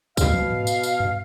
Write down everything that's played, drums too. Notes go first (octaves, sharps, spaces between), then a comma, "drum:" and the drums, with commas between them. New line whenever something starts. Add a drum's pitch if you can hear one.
B2 F5, drum: kick, tambourine
drum: tom
drum: tom G#2
drum: tambourine
drum: tambourine
drum: tom F#2